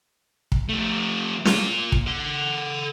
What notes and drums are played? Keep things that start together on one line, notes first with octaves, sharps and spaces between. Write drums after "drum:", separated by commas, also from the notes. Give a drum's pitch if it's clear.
drum: kick
F3 A3
A#3 F4, drum: snare
drum: kick
A4 F#5